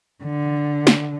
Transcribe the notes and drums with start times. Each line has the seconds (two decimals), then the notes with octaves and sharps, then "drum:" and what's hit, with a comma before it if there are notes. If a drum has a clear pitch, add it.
0.24 D3
0.87 drum: snare